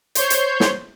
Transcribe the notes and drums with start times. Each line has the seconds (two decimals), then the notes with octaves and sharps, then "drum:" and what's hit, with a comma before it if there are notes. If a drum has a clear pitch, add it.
0.15 C5 C#5 C6 G6, drum: hi-hat
0.30 drum: hi-hat
0.60 drum: snare